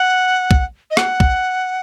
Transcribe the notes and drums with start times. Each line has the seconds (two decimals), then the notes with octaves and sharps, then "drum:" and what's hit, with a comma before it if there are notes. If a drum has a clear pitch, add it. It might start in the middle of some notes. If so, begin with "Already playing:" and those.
Already playing: F#5
0.51 drum: kick
0.91 D#5
0.97 F#5, drum: rim click
1.20 drum: kick